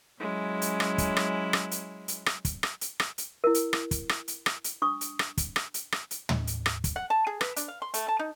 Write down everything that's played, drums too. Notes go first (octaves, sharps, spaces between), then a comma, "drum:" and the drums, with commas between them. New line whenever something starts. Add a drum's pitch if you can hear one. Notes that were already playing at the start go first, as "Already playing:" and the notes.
F#3 G#3 C#4 E4
drum: hi-hat
drum: rim click
drum: kick, hi-hat
drum: rim click
drum: rim click
drum: hi-hat
drum: hi-hat
drum: rim click
drum: kick, hi-hat
drum: rim click
drum: hi-hat
drum: rim click
drum: hi-hat
E4 A#4
drum: hi-hat
drum: rim click
drum: kick, hi-hat
drum: rim click
drum: hi-hat
drum: rim click
drum: hi-hat
D4 C#6 D#6
drum: hi-hat
drum: rim click
drum: kick, hi-hat
drum: rim click
drum: hi-hat
drum: rim click
drum: hi-hat
drum: tom
drum: hi-hat
drum: rim click
drum: kick, hi-hat
F#5
A5
G#4
B4, drum: rim click
D4, drum: hi-hat
F5
C6
A3, drum: hi-hat
A5
D#4